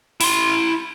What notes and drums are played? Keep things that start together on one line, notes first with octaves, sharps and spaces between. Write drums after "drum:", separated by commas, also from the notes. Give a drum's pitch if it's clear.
E4 C6, drum: open hi-hat